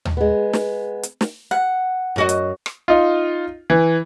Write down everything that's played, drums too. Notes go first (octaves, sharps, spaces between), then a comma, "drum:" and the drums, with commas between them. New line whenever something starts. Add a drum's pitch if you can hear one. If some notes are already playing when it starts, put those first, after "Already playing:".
drum: tom D#2
G#3 B3
drum: snare
drum: hi-hat
drum: snare
F#5
F#2 F#4 D#5
drum: hi-hat
drum: rim click
D#4 F4
E3